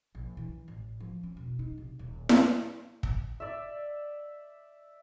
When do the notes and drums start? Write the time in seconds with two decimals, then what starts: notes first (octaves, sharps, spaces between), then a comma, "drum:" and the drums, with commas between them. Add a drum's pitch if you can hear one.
0.15 A#1
0.37 E3
0.68 A1
1.00 F3
1.23 C#4
1.37 E1
1.59 D#4
1.78 C3
1.99 D#1
2.29 drum: snare E4
3.03 drum: kick
3.40 D5 E5